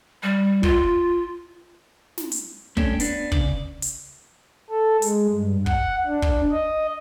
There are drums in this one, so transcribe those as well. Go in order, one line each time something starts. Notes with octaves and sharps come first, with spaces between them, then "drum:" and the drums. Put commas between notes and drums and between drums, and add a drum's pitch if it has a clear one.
G3
F4, drum: kick
drum: snare
drum: hi-hat
A3 C#4 D4 G4, drum: kick
B3 D4, drum: hi-hat
C#3 D5, drum: kick
drum: hi-hat
A4
G#3, drum: hi-hat
G2
F#5, drum: kick
D4
drum: kick
D#5